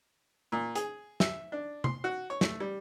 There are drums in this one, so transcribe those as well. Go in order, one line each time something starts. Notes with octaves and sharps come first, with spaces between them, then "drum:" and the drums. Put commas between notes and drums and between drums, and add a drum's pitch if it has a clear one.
A#2
G#4, drum: hi-hat
E5, drum: snare
D4
C6, drum: tom C3
F#4
C#5
A3, drum: snare
G3